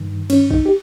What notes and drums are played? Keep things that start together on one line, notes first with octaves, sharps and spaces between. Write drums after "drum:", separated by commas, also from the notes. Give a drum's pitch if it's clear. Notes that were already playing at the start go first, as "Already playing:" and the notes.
Already playing: G2 D#3
C#4, drum: cymbal
D#4, drum: kick
G4